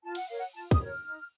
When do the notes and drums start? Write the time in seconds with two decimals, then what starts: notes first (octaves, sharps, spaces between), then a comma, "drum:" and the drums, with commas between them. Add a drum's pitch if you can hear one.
0.04 F4 A5
0.15 F#5, drum: cymbal
0.27 A#4 C#5 F5
0.38 F#5
0.54 F4 A5
0.71 D#6, drum: kick
0.79 A#4 C#5
0.88 F6
1.04 D#4